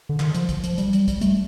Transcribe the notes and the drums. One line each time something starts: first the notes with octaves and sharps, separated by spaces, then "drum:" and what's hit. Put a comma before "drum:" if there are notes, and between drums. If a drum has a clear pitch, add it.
D3
D#3, drum: clap
F3, drum: hi-hat
drum: kick, hi-hat
F3, drum: hi-hat
G3, drum: hi-hat
drum: hi-hat
G3, drum: kick, hi-hat
A3, drum: hi-hat